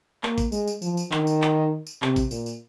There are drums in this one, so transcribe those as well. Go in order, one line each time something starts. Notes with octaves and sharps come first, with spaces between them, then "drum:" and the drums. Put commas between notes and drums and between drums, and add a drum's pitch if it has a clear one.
A#3, drum: clap
drum: kick, tambourine
G#3, drum: tambourine
drum: tambourine
F3, drum: tambourine
drum: tambourine
D#3, drum: clap
drum: tambourine
drum: clap
drum: tambourine
C3, drum: clap
drum: kick, tambourine
A#2, drum: tambourine
drum: tambourine